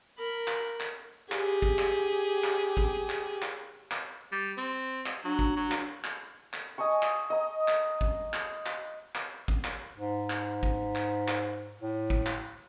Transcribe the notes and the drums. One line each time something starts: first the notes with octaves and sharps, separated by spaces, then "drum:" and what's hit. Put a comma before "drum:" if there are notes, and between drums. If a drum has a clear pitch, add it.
A#4 B5
drum: clap
drum: clap
G4 G#4, drum: clap
drum: kick
drum: clap
drum: clap
drum: kick
drum: clap
drum: clap
drum: clap
G3
C4
drum: clap
F#3 D4
drum: kick
F#3
drum: clap
drum: clap
drum: clap
D#5 G#5 A5 C#6
drum: clap
D#5 A#5
drum: clap
drum: kick
drum: clap
drum: clap
drum: clap
drum: kick
drum: clap
G#2
drum: clap
drum: kick
drum: clap
drum: clap
A2
drum: kick
drum: clap